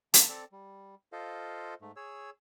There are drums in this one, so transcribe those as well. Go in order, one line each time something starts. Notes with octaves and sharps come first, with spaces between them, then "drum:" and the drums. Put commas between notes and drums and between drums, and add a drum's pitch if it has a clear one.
D3 A#3 A5, drum: hi-hat
C4 A4 D5
G3
F4 A4 C5 D#5 F5
G#2 A3
G#4 C#5 E6